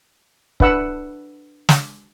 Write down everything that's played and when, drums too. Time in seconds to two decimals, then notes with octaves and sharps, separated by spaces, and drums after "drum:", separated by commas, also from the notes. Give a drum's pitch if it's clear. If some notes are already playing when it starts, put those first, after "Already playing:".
0.60 D4 B4 F#5 E6, drum: kick
1.69 drum: snare